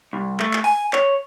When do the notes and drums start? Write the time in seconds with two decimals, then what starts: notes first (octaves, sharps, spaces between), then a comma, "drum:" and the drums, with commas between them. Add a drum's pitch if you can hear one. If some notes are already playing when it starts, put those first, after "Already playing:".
0.13 C2
0.40 A3, drum: clap
0.53 drum: clap
0.64 G#5, drum: open hi-hat
0.93 C#5, drum: clap